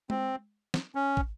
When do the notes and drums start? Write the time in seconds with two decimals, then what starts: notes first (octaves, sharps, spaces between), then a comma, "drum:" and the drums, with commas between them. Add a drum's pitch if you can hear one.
0.10 C4, drum: tom G#3
0.74 drum: snare
0.95 C#4
1.17 drum: kick